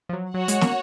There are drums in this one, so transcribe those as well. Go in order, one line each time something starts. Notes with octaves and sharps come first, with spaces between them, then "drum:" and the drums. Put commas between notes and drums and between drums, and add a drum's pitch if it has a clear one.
F3
F#3
F#3 F#4 C#5 F#5
G#3, drum: hi-hat
A#3, drum: snare